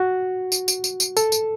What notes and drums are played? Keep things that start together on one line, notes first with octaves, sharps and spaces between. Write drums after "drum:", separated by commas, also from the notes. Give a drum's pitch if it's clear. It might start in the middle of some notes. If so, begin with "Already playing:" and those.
Already playing: F#4
drum: tambourine
drum: tambourine
drum: tambourine
drum: tambourine
A4, drum: tambourine
drum: tambourine